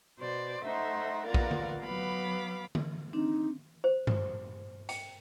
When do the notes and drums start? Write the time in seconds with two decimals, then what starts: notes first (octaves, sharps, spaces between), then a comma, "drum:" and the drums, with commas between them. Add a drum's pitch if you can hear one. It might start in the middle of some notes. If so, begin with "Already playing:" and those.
0.18 B2 C5 D5
0.64 A3 D#4 C5 E5 F#5
1.25 A#3 B3 F4 A#4 D5 F#5
1.34 drum: kick
1.51 drum: tom D3
1.83 F#3 B3 F5 B5 D6
2.75 drum: tom D3
3.13 C4 D4 D#4
3.84 C5
4.07 drum: tom G2
4.89 G5, drum: hi-hat